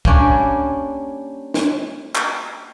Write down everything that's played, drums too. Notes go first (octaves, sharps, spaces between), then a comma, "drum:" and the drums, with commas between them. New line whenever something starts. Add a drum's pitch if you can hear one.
G3 A#3 C#4 D4, drum: kick
drum: snare
drum: clap